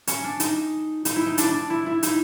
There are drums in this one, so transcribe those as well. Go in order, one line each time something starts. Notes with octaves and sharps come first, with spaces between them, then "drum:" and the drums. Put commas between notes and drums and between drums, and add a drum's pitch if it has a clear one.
C#4, drum: hi-hat
D4
D#4, drum: hi-hat
D#4, drum: hi-hat
E4
D#4
D4, drum: hi-hat
D4
E4
E4
D#4, drum: hi-hat